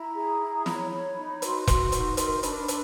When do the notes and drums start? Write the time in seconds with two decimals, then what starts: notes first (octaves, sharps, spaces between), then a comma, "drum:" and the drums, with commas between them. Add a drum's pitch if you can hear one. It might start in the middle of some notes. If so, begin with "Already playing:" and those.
Already playing: E4 A#5
0.15 G#4
0.41 E4
0.66 C#5 B5, drum: snare
0.92 C#5
1.16 D#4
1.42 F#4 C6, drum: hi-hat
1.67 F#4, drum: kick E1, hi-hat
1.92 D#4, drum: hi-hat
2.17 A#4 C6, drum: hi-hat
2.43 D4 B5, drum: hi-hat
2.68 D4, drum: hi-hat